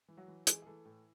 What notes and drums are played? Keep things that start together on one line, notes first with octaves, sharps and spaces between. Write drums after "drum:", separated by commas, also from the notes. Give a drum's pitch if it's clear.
E3
F#3 F#4
E3
E3 G#3 G#4, drum: hi-hat
G#4
E3 A3 A4
A2